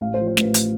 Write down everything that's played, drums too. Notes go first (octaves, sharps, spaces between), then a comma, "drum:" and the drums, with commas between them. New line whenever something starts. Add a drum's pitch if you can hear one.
A1 F5
C5
F3
C5
A1 B4, drum: snare
drum: hi-hat